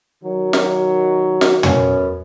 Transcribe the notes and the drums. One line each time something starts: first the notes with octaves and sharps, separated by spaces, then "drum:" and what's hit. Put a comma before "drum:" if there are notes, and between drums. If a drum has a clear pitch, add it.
D#3 F#3
drum: snare
drum: snare
F#2 B3 C#4, drum: tom